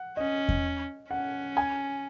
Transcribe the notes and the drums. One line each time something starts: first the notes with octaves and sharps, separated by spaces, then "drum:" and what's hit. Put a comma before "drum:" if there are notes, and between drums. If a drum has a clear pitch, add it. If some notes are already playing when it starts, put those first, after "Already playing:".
Already playing: F#5
C#4 D#5
drum: kick E2
C#4 F#5
G#5